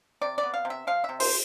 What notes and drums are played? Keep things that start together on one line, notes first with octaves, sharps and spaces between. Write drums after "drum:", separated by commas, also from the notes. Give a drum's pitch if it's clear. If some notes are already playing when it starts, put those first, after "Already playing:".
C3 D5
D5
B3
F5
C3
E5
F3 F5
C3 E5
C5, drum: open hi-hat